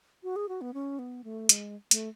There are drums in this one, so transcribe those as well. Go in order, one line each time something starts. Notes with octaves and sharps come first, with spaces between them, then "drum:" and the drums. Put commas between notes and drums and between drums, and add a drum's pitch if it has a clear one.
F#4
G#4
F#4
B3
C#4
B3
A3
G#3, drum: hi-hat
A3, drum: hi-hat